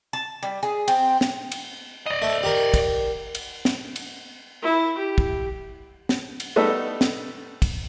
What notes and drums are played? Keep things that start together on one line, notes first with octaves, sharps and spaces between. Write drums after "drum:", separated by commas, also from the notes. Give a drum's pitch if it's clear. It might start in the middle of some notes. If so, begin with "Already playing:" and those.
A5
G3
G#4
C4, drum: cymbal
drum: snare
drum: cymbal
D5 D#5
A3
G4 A#4
drum: kick, cymbal
drum: cymbal
drum: snare
drum: cymbal
E4
G4
drum: kick
drum: snare
drum: cymbal
G3 A3 B3 D#4 A4
drum: snare
drum: kick, cymbal